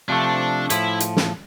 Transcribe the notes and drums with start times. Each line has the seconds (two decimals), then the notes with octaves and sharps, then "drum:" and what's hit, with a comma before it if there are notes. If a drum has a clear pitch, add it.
0.08 C3 F3 A3 D4
0.70 A2 F3 E4, drum: hi-hat
1.00 drum: hi-hat
1.17 drum: snare